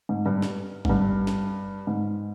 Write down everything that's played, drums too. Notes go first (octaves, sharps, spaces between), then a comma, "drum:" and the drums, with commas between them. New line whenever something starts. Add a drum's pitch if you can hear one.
G#2
G2
drum: snare
G#2, drum: kick G1
G2
drum: snare
G#2